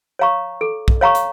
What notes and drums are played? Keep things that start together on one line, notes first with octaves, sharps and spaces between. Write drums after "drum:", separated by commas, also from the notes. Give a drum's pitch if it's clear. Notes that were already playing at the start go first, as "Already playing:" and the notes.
C#5 F5 A#5 C#6
A4
drum: kick
C#5 F5 A#5 C#6
drum: hi-hat